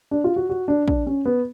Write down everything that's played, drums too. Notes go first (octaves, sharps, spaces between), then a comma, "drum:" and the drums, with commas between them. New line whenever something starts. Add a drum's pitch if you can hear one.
D4
F4
F#4
F#4
D4
D4, drum: kick
C#4
B3